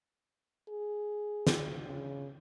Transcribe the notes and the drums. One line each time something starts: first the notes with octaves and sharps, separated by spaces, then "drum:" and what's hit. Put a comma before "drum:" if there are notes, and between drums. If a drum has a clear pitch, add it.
G#4
drum: snare
C#3